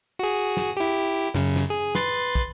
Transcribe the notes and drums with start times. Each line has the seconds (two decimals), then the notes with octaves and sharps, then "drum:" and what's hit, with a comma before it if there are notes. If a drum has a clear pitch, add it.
0.19 F#4 G#4
0.57 drum: snare
0.77 E4 G4
1.35 F#2 C#3, drum: snare
1.56 drum: snare
1.70 G#4
1.95 B4 C6 A6, drum: snare
2.35 drum: kick